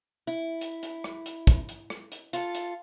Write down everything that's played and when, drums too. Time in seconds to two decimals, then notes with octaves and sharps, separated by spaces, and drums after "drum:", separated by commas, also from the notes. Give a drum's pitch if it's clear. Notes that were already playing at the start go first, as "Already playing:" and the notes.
0.27 E4
0.61 drum: hi-hat
0.83 drum: hi-hat
1.04 drum: rim click
1.26 drum: hi-hat
1.47 drum: kick, hi-hat
1.69 drum: hi-hat
1.90 drum: rim click
2.12 drum: hi-hat
2.33 F4 A4, drum: hi-hat
2.55 drum: hi-hat